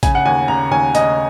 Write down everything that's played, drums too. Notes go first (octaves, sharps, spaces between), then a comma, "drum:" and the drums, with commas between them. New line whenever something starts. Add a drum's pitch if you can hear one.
C#3 G#5, drum: kick, hi-hat
F#5
D#2 G#5
C#3 A#5
D#2 G#5
C#3 D#5, drum: hi-hat